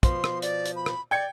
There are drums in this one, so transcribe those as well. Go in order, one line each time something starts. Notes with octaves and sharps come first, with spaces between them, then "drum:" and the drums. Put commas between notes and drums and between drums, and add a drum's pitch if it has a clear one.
B2 F3 C6, drum: kick, hi-hat
drum: rim click
D5, drum: hi-hat
drum: hi-hat
B5
drum: rim click
D5 G5 G#6 C#7